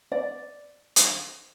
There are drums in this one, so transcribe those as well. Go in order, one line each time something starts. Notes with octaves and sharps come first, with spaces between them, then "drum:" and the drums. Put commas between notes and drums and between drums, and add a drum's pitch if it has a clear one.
D5
drum: hi-hat